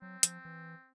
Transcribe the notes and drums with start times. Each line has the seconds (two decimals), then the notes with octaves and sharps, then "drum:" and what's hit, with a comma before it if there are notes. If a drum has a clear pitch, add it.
0.02 F#3 C4
0.23 F3, drum: hi-hat
0.45 E3